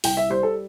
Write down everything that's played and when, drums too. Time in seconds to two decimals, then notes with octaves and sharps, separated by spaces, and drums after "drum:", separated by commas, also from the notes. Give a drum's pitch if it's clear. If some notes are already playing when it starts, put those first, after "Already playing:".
0.04 C2 G5, drum: open hi-hat
0.17 E5
0.30 G3 C5
0.43 A4